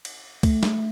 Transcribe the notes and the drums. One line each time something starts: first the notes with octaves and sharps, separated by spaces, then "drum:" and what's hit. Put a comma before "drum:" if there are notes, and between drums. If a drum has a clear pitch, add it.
drum: cymbal
A3, drum: kick C#2, cymbal
drum: snare